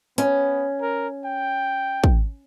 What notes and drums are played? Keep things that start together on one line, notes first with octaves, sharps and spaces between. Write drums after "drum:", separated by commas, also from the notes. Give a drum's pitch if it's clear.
B3 C#4, drum: hi-hat
A#4
G5
drum: kick